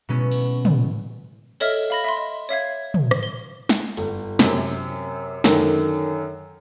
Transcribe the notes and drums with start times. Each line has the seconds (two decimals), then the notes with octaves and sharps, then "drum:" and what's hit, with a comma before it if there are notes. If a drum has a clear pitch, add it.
0.09 B2 G#3 B3 C#4 E4
0.32 drum: cymbal
0.65 drum: tom
1.60 A4 C#5 D#5 E5 F6, drum: cymbal
1.90 F5 B5 A#6
2.04 E5 B5 C6
2.17 D#5
2.49 C#5 E5 F5 G#6
2.94 drum: tom
3.11 drum: rim click
3.23 G7
3.69 drum: snare
3.97 G1, drum: hi-hat
4.39 F#2 C3, drum: snare
5.44 F#2 D3 D#3, drum: snare